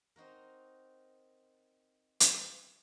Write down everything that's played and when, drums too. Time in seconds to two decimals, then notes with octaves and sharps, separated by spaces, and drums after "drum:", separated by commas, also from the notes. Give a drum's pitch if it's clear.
0.16 C4 D#4 F#4 A#4
2.20 drum: hi-hat